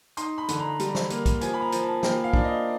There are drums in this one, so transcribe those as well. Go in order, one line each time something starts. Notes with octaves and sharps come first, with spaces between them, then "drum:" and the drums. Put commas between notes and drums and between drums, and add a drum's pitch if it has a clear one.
D#4 C6, drum: hi-hat
B5
D3, drum: hi-hat
A#5
G3, drum: hi-hat
drum: snare
A#3, drum: hi-hat
drum: kick, hi-hat
F3 G#5, drum: hi-hat
B5
A#5
F3, drum: hi-hat
A5
A#3 G5, drum: snare
F5
D4, drum: kick
D#5